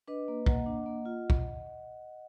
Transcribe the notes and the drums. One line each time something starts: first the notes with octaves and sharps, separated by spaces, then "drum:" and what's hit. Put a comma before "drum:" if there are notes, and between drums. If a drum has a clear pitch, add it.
D4 B4 D#5
A#3
A#3 D#5 F#5, drum: kick
D4
A#3
F4
drum: kick